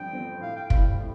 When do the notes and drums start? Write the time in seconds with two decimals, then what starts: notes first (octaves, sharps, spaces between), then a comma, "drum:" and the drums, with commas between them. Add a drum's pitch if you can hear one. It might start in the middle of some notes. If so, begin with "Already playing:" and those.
Already playing: G2 D3 F3 C4 G5
0.13 D3 F3 C4
0.41 A2 F5
0.56 G5
0.70 G3 C4 E4 F5, drum: kick
0.99 A2